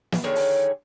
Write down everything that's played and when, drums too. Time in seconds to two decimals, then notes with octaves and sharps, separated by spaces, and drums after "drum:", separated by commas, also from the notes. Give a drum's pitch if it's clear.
0.12 drum: snare
0.24 D3 D#3 G#4 C#5
0.35 drum: open hi-hat